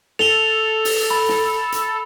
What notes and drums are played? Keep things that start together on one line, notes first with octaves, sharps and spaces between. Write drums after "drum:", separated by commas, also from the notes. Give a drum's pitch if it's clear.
A4 F7 G7, drum: snare
drum: open hi-hat
B5
drum: snare
drum: hi-hat